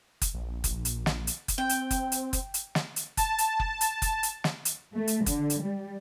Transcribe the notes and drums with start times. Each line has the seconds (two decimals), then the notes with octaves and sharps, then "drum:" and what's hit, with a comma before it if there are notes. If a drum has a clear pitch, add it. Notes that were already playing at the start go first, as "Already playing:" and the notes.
0.22 drum: kick F#1, hi-hat
0.34 A#1
0.64 drum: kick F#1, hi-hat
0.85 drum: hi-hat
1.06 drum: snare
1.27 drum: hi-hat
1.48 drum: kick F#1, hi-hat
1.58 C4 G5
1.69 drum: hi-hat
1.91 drum: kick F#1, hi-hat
2.12 drum: hi-hat
2.33 drum: kick F#1, hi-hat
2.54 drum: hi-hat
2.75 drum: snare
2.96 drum: hi-hat
3.17 A5, drum: kick F#1, hi-hat
3.38 drum: hi-hat
3.60 drum: kick F#1
3.81 drum: hi-hat
4.02 drum: kick F#1, hi-hat
4.23 drum: hi-hat
4.44 drum: snare
4.65 drum: hi-hat
4.93 A3
5.07 drum: hi-hat
5.26 D3, drum: kick F#1, hi-hat
5.50 drum: hi-hat
5.63 G3